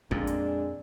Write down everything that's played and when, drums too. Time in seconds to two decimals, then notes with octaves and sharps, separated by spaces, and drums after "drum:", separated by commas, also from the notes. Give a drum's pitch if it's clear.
0.11 F2 A#2 G#3 D4, drum: kick
0.27 drum: hi-hat